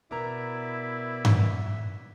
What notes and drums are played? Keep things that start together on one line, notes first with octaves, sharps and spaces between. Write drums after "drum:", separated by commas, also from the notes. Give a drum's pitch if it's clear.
B2 B3 E4 A#4 D5 E5 A#5
drum: tom G2